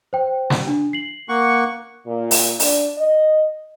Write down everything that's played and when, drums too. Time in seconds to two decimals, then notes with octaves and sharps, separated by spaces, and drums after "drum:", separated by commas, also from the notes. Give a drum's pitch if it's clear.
0.13 C5 G5
0.50 drum: snare
0.67 D4
0.93 C7 F#7
1.29 A#3 F#5 C#6
2.06 A#2
2.31 drum: open hi-hat
2.59 D4, drum: open hi-hat
2.98 D#5